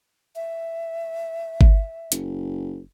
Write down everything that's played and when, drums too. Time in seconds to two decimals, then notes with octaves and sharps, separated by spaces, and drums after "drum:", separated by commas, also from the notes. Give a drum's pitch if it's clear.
0.35 E5
1.61 drum: kick G1
2.12 F#1, drum: hi-hat